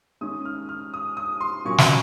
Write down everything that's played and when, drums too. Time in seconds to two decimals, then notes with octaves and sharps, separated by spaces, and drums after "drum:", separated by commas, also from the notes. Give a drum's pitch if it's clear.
0.21 D#3 G#3 C#4 D#6
0.45 F6
0.69 F6
0.94 D#6
1.17 D#6
1.41 C6
1.65 A#2 F#3 C#4 C#6
1.78 drum: snare